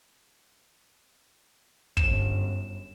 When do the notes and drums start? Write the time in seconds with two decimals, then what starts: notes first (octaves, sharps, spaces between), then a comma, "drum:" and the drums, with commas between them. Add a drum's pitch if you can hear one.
1.97 G1 F#2 E7, drum: kick